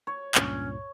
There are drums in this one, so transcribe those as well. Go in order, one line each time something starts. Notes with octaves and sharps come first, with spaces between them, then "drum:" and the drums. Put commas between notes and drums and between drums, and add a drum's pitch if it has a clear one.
C#5
C#2 G2 A#2 C#4, drum: clap